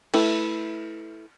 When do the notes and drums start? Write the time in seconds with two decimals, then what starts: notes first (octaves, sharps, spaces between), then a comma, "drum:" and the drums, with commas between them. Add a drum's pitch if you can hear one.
0.14 A3 E4 B4, drum: cymbal